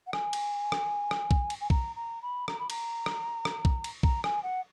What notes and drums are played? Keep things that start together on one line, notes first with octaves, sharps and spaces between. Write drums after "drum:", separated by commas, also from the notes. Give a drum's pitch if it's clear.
F#5
G#5, drum: rim click
drum: cymbal
drum: rim click
drum: rim click
drum: kick B1
drum: cymbal
G#5
A#5, drum: kick B1
A#5
B5
A#5, drum: rim click
B5
A#5, drum: cymbal
drum: rim click
drum: rim click
drum: kick B1
drum: cymbal
A#5, drum: kick B1
G#5, drum: rim click
F#5